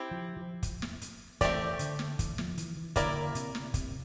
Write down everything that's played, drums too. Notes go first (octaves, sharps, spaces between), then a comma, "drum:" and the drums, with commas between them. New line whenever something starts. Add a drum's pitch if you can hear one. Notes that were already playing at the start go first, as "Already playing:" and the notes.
Already playing: C4 E4 G4
F3
F3
drum: kick, hi-hat
drum: snare
drum: hi-hat
E3 A3 C4 G4 D5, drum: kick, hi-hat
D3, drum: hi-hat
drum: snare
E3, drum: kick, hi-hat
F3, drum: snare
E3, drum: hi-hat
E3
D3 A#3 E4 A#4 D5, drum: kick, hi-hat
C3, drum: hi-hat
drum: snare
C3, drum: kick, hi-hat